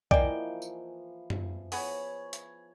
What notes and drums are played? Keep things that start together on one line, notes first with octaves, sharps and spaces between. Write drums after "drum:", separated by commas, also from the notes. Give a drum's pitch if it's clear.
E3 F3 A#3 D5 D#5 G5 G#5, drum: kick B1
drum: tambourine
drum: tom
B3 G#4 C#5 B5, drum: open hi-hat
drum: hi-hat